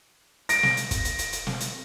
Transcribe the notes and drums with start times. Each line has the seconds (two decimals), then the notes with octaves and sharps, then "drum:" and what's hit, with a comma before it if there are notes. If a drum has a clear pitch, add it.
0.49 A#6 D7, drum: hi-hat
0.63 drum: snare
0.77 drum: hi-hat
0.91 drum: kick, hi-hat
1.05 drum: hi-hat
1.19 drum: hi-hat
1.33 drum: hi-hat
1.47 drum: snare
1.61 drum: hi-hat